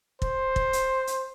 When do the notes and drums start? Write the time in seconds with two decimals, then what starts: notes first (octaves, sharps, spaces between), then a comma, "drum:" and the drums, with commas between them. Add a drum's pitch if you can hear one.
0.22 C5, drum: kick
0.56 drum: kick
0.73 drum: hi-hat
1.07 drum: hi-hat